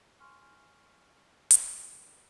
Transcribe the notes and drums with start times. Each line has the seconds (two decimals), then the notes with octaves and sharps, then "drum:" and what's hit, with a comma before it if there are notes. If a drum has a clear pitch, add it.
0.20 G#5 C6 C#6 F6
1.51 drum: hi-hat